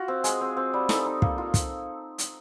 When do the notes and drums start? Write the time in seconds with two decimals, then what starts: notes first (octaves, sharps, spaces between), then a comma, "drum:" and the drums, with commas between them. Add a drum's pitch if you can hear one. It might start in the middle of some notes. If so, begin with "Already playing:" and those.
Already playing: F4 F#4
0.08 C4
0.24 G#3 G#4, drum: hi-hat
0.41 C4
0.57 C4
0.74 G3
0.89 D#4 A4, drum: snare
1.06 D#4
1.22 A#3, drum: kick
1.38 F4
1.54 drum: kick, hi-hat
2.18 drum: hi-hat